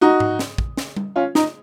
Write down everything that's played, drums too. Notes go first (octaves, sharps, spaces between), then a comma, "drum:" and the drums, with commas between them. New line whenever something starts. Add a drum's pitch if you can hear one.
D#4 F#4
drum: tom G#2
drum: snare
drum: kick
drum: snare
drum: tom G3
C#4 F4
D#4, drum: snare